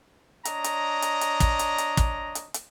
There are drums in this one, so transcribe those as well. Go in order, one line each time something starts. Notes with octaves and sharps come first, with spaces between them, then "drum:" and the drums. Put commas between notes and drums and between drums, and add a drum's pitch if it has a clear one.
D4 C#5 D#5 A#5, drum: hi-hat
drum: hi-hat
drum: hi-hat
drum: hi-hat
drum: kick, hi-hat
drum: hi-hat
drum: hi-hat
drum: kick, hi-hat
drum: hi-hat
drum: hi-hat